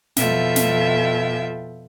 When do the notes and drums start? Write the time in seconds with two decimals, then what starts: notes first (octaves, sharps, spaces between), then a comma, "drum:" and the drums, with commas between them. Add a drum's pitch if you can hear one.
0.17 F2 B2 F4 A4 E5 G5, drum: snare
0.56 drum: snare